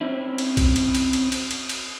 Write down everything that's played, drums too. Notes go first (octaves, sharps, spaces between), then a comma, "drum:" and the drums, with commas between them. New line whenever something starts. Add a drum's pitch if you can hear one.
C4 C#4 E4
drum: cymbal
drum: kick B1, cymbal
drum: cymbal
drum: cymbal
drum: cymbal
drum: cymbal
drum: cymbal
drum: cymbal